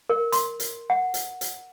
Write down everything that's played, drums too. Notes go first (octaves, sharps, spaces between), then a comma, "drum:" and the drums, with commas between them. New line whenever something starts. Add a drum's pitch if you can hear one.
A#4
C6, drum: hi-hat
drum: hi-hat
F#5
drum: hi-hat
drum: hi-hat